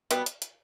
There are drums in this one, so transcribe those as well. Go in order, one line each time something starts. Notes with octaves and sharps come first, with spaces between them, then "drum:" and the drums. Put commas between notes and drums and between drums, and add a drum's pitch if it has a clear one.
B2 G3 B3, drum: hi-hat
drum: hi-hat
drum: hi-hat